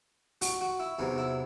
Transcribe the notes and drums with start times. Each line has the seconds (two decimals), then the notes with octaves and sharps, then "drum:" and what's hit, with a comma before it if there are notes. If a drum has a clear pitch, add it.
0.41 F#4, drum: open hi-hat
0.61 F#4
0.80 E4
0.99 E2 C3 F#3 D#4
1.18 E4